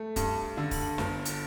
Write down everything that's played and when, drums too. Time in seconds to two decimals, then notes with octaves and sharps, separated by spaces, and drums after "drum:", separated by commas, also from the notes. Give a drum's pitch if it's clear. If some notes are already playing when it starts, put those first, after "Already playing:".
Already playing: A3
0.16 G2, drum: kick D1, hi-hat
0.57 D3
0.71 drum: kick D1, open hi-hat
0.98 G1, drum: snare
1.25 drum: hi-hat